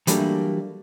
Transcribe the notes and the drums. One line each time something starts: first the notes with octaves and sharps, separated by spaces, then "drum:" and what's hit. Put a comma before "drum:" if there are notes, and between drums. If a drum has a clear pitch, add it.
E3 F#3 G3 A3 A#3 D4, drum: hi-hat